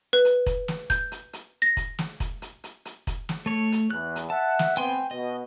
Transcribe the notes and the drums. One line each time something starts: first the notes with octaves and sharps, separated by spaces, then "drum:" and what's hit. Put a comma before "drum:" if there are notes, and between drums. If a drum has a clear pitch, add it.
B4
drum: hi-hat
drum: kick, hi-hat
drum: snare
G6, drum: kick, hi-hat
drum: hi-hat
drum: hi-hat
A#6
drum: kick, hi-hat
drum: snare
drum: kick, hi-hat
drum: hi-hat
drum: hi-hat
drum: hi-hat
drum: kick, hi-hat
drum: snare
A3 C#5
drum: hi-hat
E2 F#6
drum: hi-hat
E5 F#5 A5
drum: snare
B3 C4 G5 G#5 C6
B2 D#5